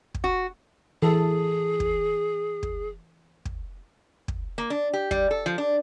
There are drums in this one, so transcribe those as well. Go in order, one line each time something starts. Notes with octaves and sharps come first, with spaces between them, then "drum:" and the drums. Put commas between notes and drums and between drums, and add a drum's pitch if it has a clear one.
drum: kick
F#4
E3 G#4 A4
drum: kick
drum: kick
drum: kick
drum: kick
A#3
D4
G4
G3, drum: kick
A4
F3
D4